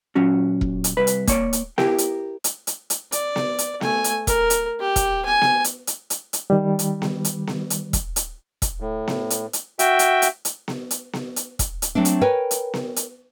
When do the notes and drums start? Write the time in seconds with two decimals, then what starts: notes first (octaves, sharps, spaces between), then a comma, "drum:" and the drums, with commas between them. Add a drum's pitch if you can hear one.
0.15 A#2 F#3 C#4 F#4
0.61 drum: kick E1
0.84 drum: hi-hat
0.97 C2 B4 B5
1.07 drum: hi-hat
1.27 A#3 C#5 D5, drum: kick E1, hi-hat
1.53 drum: hi-hat
1.78 E4 G4 A#4 G5, drum: snare B3
1.98 drum: hi-hat
2.44 drum: hi-hat
2.67 drum: hi-hat
2.90 drum: hi-hat
3.12 D5, drum: hi-hat
3.36 drum: snare B3
3.59 drum: hi-hat
3.81 A3 G#5, drum: snare B3
4.04 drum: hi-hat
4.27 A#4, drum: kick E1, hi-hat
4.50 drum: hi-hat
4.80 G4
4.96 drum: kick E1, hi-hat
5.26 G#5
5.42 drum: snare B3
5.64 drum: hi-hat
5.87 drum: hi-hat
6.10 drum: hi-hat
6.33 drum: hi-hat
6.50 D#3 G3
6.79 drum: hi-hat
7.02 drum: snare B3
7.25 drum: hi-hat
7.47 drum: snare B3
7.70 drum: hi-hat
7.93 drum: kick E1, hi-hat
8.16 drum: hi-hat
8.62 drum: kick E1, hi-hat
8.80 A2
9.08 drum: snare B3
9.30 drum: hi-hat
9.53 drum: hi-hat
9.79 F#4 E5 G5, drum: hi-hat
9.99 drum: hi-hat
10.22 drum: hi-hat
10.45 drum: hi-hat
10.68 drum: snare B3
10.91 drum: hi-hat
11.13 drum: snare B3
11.36 drum: hi-hat
11.59 drum: kick E1, hi-hat
11.82 drum: hi-hat
11.95 F#3 A3 C4 D4
12.05 drum: hi-hat
12.21 A#4 B4 C#5 G5 G#5
12.51 drum: hi-hat
12.74 drum: snare B3
12.96 drum: hi-hat